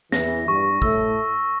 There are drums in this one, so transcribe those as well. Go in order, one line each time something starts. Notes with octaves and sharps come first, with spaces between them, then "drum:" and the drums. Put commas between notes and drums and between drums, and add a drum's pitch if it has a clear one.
E2 E3 A#6, drum: snare
G2 G3 C#6
A2 A3 E6, drum: kick